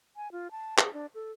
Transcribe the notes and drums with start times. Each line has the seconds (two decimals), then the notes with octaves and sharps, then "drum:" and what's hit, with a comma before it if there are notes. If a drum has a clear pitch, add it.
0.16 G#5
0.32 F4
0.51 A5
0.78 G#4, drum: clap
0.93 D4
1.15 A4